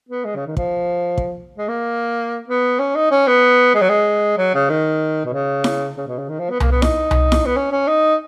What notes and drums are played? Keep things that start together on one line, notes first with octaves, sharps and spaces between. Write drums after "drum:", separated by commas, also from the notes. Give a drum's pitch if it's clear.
B3
G#3
C#3
D#3
F3, drum: kick
drum: kick
G#3
A#3
B3
C#4
D#4
C#4
B3
G#3
F#3
G#3
F#3
C#3
D#3
B2
C#3
drum: snare E4
C#3
B2
C#3
D#3
F3
B3
A#3, drum: tom C2
B3
D#4, drum: snare E4
drum: tom C2
drum: snare E4
B3
C#4
C#4
D#4